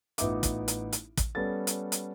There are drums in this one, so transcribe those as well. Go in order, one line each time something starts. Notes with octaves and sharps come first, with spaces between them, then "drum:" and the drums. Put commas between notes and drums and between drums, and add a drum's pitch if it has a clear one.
A1 B3 D#4 F4 E5 D6, drum: hi-hat
drum: kick, hi-hat
drum: hi-hat
drum: hi-hat
drum: kick, hi-hat
G3 B3 C#4 A4 A6
drum: hi-hat
drum: hi-hat